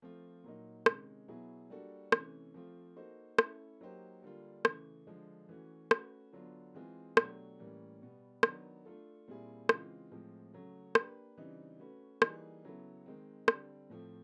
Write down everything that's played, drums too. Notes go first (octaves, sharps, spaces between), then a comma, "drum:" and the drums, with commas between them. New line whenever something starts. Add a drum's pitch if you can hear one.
F3 A3 C4 F4
A#2 F#3 A#3 D#4
C3 D#3 G#3 C#4, drum: rim click
B2 F#3 B3 E4 G#4
G3 A#3 D4 F#4 A4
C3 E3 A3 C#4, drum: rim click
F3 A3 C4 F4
A#3 D#4 F#4 A4 C5
A3 C#4 E4 A4, drum: rim click
F#3 A#3 D#4 G4 C5
D3 G3 A#3 D4 F4
C#3 E3 A3, drum: rim click
D3 F3 G#3
E3 A3 C#4 F#4
A3 C#4 F#4 B4, drum: rim click
D3 F#3 B3 D4 F4
E3 G#3 C4 F4 G#4
B2 F#3 A3 D4 G4, drum: rim click
A2 E3 G3 A#3 C#4
B2 G3 B3
D#3 F#3 B3 D4, drum: rim click
A3 D4 F4 A4
A#2 G3 C4 E4 G#4
C#3 E3 G#3 C4 F4, drum: rim click
A2 F3 G#3 C4
C#3 F#3 A3
A#3 D4 G4 B4, drum: rim click
C#3 E3 G3 C4 D#4
A3 C#4 F#4 B4
E3 G3 A#3 D#4 G#4, drum: rim click
C#3 F#3 B3 E4 A4
D#3 G#3 C4
D3 G3 C4, drum: rim click
A2 F3 A3 C4